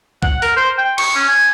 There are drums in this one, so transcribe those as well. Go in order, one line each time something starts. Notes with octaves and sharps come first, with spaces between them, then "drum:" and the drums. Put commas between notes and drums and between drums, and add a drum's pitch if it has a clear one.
F#5, drum: kick C2
A#4, drum: open hi-hat
C5
G5
C#6, drum: cymbal
C#4
G#5